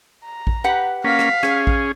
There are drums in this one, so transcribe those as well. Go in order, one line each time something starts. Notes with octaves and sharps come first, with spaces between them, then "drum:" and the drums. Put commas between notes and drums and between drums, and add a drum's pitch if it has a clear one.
A#5
drum: kick A1
G4 B4 F#5
A#3 C#4 F5 B6
drum: rim click
C#4 G#4, drum: rim click
drum: kick A1